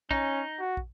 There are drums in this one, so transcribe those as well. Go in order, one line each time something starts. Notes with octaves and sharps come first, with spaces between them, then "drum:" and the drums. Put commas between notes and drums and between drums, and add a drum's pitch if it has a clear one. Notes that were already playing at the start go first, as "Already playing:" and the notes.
C#4 D#4, drum: kick
F#4
drum: kick